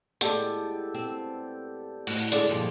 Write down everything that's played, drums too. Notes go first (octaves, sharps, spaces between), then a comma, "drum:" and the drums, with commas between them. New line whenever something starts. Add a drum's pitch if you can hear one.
A2 G#3 B3 G4 A4 D5, drum: hi-hat
C4
A2 F#4, drum: cymbal
D3 G#3 D4 A4 D5, drum: hi-hat
G2 A#2 F3 G4, drum: tambourine